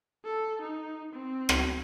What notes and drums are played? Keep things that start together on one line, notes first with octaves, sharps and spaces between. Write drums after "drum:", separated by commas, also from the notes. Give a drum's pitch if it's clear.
A4
D#4
C4
drum: rim click